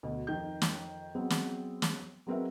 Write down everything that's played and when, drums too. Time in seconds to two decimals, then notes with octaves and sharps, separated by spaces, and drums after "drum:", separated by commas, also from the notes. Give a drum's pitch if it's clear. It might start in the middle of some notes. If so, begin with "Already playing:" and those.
0.03 D2 B2
0.27 F2 D#3 G6
0.62 drum: snare
1.15 F#3 G#3 B3 C4
1.30 drum: snare
1.82 drum: snare
2.27 F#3 G#3 C4 A#4 B4 E5